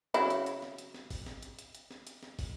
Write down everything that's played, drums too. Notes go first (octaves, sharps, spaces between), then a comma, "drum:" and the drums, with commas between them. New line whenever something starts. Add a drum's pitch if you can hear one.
C#3 F#3 E4, drum: hi-hat
drum: hi-hat
drum: hi-hat
drum: snare
drum: hi-hat
drum: snare
drum: kick, open hi-hat
drum: snare
drum: hi-hat
drum: hi-hat
drum: hi-hat
drum: snare
drum: hi-hat
drum: snare
drum: kick, open hi-hat